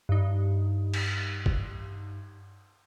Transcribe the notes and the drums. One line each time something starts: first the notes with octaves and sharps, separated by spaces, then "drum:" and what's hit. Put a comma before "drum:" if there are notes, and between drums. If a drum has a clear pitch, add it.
G2 D#4
drum: cymbal
drum: kick